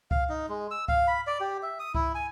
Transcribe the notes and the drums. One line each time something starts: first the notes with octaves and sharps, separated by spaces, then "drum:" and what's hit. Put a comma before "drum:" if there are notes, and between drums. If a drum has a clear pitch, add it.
F5, drum: kick C2
D#4
G#3
E6
F5, drum: kick C2
B5
D5
G4
E5
D#6
E4, drum: kick C2
G#5